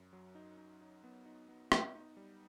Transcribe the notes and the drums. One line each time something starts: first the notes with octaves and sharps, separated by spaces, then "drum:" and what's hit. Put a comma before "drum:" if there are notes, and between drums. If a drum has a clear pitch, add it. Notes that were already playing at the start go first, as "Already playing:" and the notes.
Already playing: F#2
F#3
D#4
D#4
D#4
B3
D#4
B3
B3, drum: rim click
D#4
G3